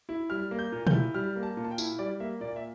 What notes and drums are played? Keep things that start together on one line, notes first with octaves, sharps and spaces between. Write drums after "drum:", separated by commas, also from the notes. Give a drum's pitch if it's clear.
E4
G3 F6
A#3
G6
A#2
G6, drum: tom B2
E4
G3 F6
A#3
A5
A#2
A5
G5
E4, drum: tambourine
G3 D5
A#3 E5
A#2 D5
E5